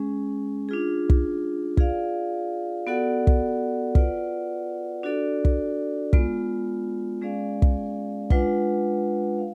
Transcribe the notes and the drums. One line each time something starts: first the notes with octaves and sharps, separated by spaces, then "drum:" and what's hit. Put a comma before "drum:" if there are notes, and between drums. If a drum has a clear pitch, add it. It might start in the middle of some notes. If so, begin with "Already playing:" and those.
Already playing: G#3 C#4 G#4
D4 F4 G#4
drum: kick
F4 G#4 D5 F5, drum: kick
B3 F#4 A4 D5 F#5
drum: kick
F4 B4 D5 F#5, drum: kick
D4 F#4 A4 D5
drum: kick
G#3 B3 F4, drum: kick
G#3 C#4 G#4 D5 F5
drum: kick
G#3 D4 F4 B4 F#5, drum: kick
F5